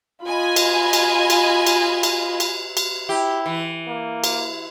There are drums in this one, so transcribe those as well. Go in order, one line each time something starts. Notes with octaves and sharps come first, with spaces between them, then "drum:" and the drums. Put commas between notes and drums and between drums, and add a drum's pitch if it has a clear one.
F4 D#5 G#5 B5
drum: cymbal
drum: cymbal
drum: cymbal
drum: cymbal
drum: cymbal
drum: cymbal
drum: cymbal
E4 G4
E3
A#3
drum: cymbal